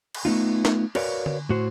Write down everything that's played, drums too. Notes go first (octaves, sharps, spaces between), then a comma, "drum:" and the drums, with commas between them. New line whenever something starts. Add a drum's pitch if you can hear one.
drum: cymbal
A3 B3 D#4 F4
drum: snare
F#4 A#4 B4 C#5 D5 F5, drum: cymbal
drum: tom D3
A2 F#4 C5